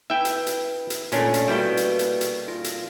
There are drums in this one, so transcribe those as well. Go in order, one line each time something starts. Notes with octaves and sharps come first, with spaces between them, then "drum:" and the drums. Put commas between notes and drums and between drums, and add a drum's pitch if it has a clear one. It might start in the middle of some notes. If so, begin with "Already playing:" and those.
E4 B4 E5 G5
drum: hi-hat
drum: hi-hat
drum: hi-hat
A#2 A3 C#4 D4 F4, drum: hi-hat
drum: hi-hat
B2 G3 A#3 E4 G5
drum: hi-hat
drum: hi-hat
drum: hi-hat
F4 A#4
drum: hi-hat